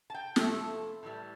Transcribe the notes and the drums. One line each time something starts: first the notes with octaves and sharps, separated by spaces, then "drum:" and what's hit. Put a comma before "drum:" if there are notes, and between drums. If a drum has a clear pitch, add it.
A5
G5
C3 F3 A3 E4 A4, drum: snare
A2 E3 G3